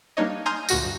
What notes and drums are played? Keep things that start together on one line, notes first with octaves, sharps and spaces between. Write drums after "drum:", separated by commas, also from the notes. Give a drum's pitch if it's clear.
G3 A#3 D4 D#4 C#5 D#5
G#5 A#5 C6 D#6 F6 G6
D2 A#2 F#4 A#6, drum: tambourine
G2